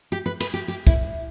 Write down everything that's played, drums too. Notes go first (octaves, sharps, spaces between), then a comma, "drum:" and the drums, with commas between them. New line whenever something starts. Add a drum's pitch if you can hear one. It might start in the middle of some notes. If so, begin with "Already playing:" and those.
G4
B4
B4, drum: cymbal
G4
G4
E4, drum: kick